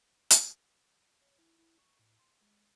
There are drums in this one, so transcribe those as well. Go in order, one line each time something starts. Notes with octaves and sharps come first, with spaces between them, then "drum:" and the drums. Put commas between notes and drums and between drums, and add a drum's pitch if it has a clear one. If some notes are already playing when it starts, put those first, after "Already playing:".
drum: hi-hat
C#5
E4
E4
C#6
A2
C6
G#3